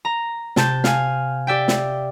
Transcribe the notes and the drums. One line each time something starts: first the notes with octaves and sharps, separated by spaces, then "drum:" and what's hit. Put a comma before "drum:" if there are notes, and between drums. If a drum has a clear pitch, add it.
A#5
C3 A5 G6, drum: snare
F5 G#5, drum: snare
G4 D5 E5 G5
drum: snare